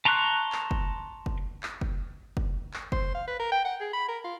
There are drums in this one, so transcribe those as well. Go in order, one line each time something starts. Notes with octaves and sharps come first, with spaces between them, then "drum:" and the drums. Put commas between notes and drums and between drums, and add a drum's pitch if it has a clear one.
A5 A#5 C6 C#6 F#6
drum: clap
drum: kick
drum: kick
drum: clap
drum: kick
drum: kick
drum: clap
C5, drum: kick
F5
B4
A#4
G5
F#5
G#4
B5
A#4
F4